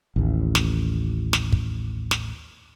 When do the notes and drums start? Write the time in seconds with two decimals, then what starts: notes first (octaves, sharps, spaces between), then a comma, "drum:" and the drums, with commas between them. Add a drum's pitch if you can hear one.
0.16 A1 D#2
0.55 drum: snare
1.33 drum: snare
1.53 drum: kick
2.11 drum: snare